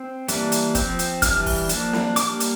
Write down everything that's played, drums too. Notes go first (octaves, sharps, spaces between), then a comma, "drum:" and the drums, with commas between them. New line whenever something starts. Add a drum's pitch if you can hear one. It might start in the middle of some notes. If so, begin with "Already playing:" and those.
Already playing: C4
E3 G3 A#3 D4, drum: hi-hat
drum: hi-hat
F3 C4, drum: kick, hi-hat
drum: hi-hat
E3 G3 D4 F6, drum: kick, hi-hat
drum: kick, open hi-hat
F3 A#3 D4, drum: hi-hat
drum: snare
G3 A#3 D4 D6, drum: hi-hat
drum: hi-hat